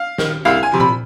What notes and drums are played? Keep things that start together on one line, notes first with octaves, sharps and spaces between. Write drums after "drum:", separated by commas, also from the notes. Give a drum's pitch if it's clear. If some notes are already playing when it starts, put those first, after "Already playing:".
Already playing: F5
D#3, drum: snare
C2 F5
G#5
C3 F3
B5, drum: tom A#2